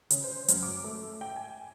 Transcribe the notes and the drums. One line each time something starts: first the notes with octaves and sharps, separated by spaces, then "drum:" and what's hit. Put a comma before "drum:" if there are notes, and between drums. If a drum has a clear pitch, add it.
C#3, drum: hi-hat
C5
F#2, drum: hi-hat
D6
A3
G5
G#5